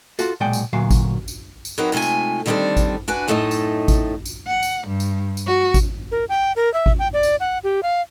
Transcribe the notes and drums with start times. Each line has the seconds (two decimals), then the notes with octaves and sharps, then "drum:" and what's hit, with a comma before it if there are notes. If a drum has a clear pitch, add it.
0.19 F4 F#4 A4, drum: tambourine
0.40 B1 A#2 G#3 D5 F#5 G5
0.53 drum: tambourine
0.73 D2 A#2 F#3 F5
0.91 drum: kick G#1, tambourine
1.28 drum: tambourine
1.65 drum: tambourine
1.78 F#3 C4 D#4 F#4 A#4 B4
1.92 G#2 C3 A3 F4 G#5
2.02 drum: tambourine
2.46 D3 D#3 G3 C4 D4 A4
2.77 drum: kick G#1, tambourine
3.08 D4 F#4 B4 G#5
3.28 F#2 A2 A3 D#4 D#5 A5
3.51 drum: tambourine
3.88 drum: kick G#1, tambourine
4.25 drum: tambourine
4.47 F#5
4.63 drum: tambourine
4.87 G2
5.00 drum: tambourine
5.37 drum: tambourine
5.47 F#4
5.74 drum: kick G#1, tambourine
6.12 A#4
6.29 G5
6.56 A#4
6.74 E5
6.86 drum: kick G#1
6.99 G5
7.13 D5
7.23 drum: tambourine
7.40 F#5
7.64 G4
7.83 F5